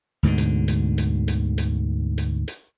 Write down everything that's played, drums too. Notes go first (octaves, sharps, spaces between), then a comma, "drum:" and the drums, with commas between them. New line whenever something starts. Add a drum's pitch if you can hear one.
D2 G#2 B2 D3
drum: hi-hat
drum: hi-hat
drum: hi-hat
drum: hi-hat
drum: hi-hat
drum: hi-hat
drum: hi-hat